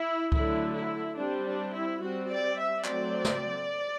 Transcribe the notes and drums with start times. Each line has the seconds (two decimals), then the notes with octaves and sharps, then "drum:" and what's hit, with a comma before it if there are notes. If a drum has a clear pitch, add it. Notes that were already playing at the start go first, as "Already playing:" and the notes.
Already playing: E4
0.32 D3 F#3 A3 E4, drum: kick C#2
0.75 E4
1.16 G3 C4 D4
1.45 D4
1.73 E4
2.00 G3 C4 F#4
2.29 D5
2.56 E5
2.85 F#3 A3 C4 D5, drum: clap
3.25 drum: snare